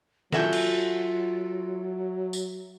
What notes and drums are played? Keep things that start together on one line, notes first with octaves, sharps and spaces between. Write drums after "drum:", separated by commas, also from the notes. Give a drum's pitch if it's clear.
F#3 F4 F#4 A4 E5 G#5 G6, drum: snare
drum: cymbal
drum: tambourine